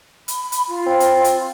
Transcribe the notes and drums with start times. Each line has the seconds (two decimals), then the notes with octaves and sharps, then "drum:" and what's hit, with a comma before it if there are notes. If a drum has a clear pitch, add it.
0.28 B5, drum: hi-hat
0.52 drum: hi-hat
0.67 F4
0.86 C4
1.00 drum: hi-hat
1.24 drum: hi-hat